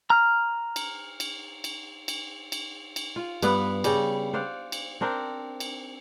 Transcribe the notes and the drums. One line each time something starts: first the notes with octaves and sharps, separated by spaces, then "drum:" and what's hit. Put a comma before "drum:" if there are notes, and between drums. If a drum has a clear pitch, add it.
A#5 F6
drum: cymbal
drum: cymbal
drum: cymbal
drum: cymbal
drum: cymbal
drum: cymbal
F4
G2 B3 B4, drum: cymbal
C#3 G3, drum: cymbal
C5 D5 F5 F#5
drum: cymbal
C4 D4 A#4 C5
drum: cymbal